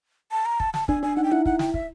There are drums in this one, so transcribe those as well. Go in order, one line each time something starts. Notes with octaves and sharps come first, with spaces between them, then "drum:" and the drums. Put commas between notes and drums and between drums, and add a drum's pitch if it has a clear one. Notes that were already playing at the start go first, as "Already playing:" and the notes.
A5
A#5
A5, drum: kick
A5, drum: snare
D4 G#5, drum: kick
D4 G#5
D#4 F#5
G5
E4 F#5
F#5, drum: kick
G5, drum: snare
E5, drum: kick